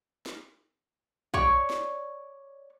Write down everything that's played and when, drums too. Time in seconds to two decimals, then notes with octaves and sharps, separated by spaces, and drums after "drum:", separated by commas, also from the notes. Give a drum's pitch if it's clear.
0.26 drum: snare
1.34 C#5 D5 C#6, drum: kick
1.70 drum: snare